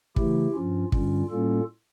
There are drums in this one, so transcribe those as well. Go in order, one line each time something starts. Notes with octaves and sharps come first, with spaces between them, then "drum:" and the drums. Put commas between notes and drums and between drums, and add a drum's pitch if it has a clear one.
C#3 E3 A3 E4 G4, drum: kick
G2 F3 C#4 F4
G2 D3 G3 C#4 F4, drum: kick
A2 G3 A#3 C#4 F4 A4